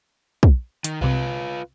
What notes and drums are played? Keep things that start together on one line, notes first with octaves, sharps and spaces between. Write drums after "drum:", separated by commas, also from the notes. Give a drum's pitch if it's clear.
drum: kick
D#3, drum: hi-hat
C2 C3 F4 B4